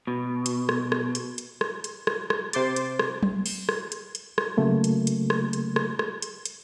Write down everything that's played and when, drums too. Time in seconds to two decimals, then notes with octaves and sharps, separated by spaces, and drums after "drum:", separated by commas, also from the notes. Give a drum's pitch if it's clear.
0.07 B2
0.46 drum: hi-hat
0.69 drum: rim click
0.92 drum: rim click
1.15 drum: hi-hat
1.38 drum: hi-hat
1.61 drum: rim click
1.84 drum: hi-hat
2.07 drum: rim click
2.30 drum: rim click
2.53 C3 C5 C6 D6 A6, drum: hi-hat
2.76 drum: hi-hat
2.99 drum: rim click
3.23 drum: tom
3.46 drum: open hi-hat
3.69 drum: rim click
3.92 drum: hi-hat
4.15 drum: hi-hat
4.38 drum: rim click
4.57 C#3 F#3 A3 A#3
4.84 drum: hi-hat
5.07 drum: hi-hat
5.30 drum: rim click
5.53 drum: hi-hat
5.76 drum: rim click
5.99 drum: rim click
6.22 drum: hi-hat
6.45 drum: hi-hat